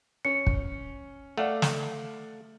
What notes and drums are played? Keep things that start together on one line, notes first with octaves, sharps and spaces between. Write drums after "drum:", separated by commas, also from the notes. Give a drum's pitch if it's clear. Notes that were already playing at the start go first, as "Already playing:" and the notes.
C#4 C#7
drum: kick
A3 D5 F5 F#5
drum: snare